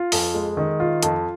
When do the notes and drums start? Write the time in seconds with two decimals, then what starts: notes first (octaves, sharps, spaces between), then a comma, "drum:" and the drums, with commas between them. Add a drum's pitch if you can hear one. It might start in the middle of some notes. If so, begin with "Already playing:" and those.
Already playing: F4
0.12 F2, drum: open hi-hat
0.34 G#3
0.57 D#3
0.80 F4
1.03 F2, drum: hi-hat